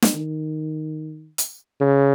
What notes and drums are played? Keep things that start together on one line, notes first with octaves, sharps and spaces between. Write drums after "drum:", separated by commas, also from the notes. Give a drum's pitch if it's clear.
drum: snare
D#3
drum: hi-hat
C#3